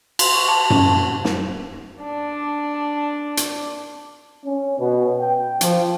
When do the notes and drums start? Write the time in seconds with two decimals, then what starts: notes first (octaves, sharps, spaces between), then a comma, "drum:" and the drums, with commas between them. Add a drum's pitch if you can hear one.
0.19 C6, drum: cymbal
0.33 C#6
0.48 A5
0.70 C#4, drum: tom F#2
1.25 drum: snare
2.02 D4 D5
3.37 drum: hi-hat
4.45 C#4
4.79 B2
5.21 G5
5.61 F3, drum: hi-hat